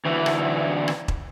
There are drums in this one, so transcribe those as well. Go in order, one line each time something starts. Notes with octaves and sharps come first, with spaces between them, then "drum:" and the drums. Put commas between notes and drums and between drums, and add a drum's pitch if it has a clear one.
D2 E3
drum: rim click
drum: rim click
drum: kick E1